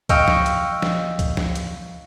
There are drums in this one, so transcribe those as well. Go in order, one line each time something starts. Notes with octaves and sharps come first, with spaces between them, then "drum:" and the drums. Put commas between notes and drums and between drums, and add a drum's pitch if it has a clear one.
D#5 F5 G5 C#6 E6 F6, drum: kick C#2, hi-hat
drum: snare
drum: hi-hat
drum: snare
drum: kick C#2, hi-hat
drum: snare
drum: hi-hat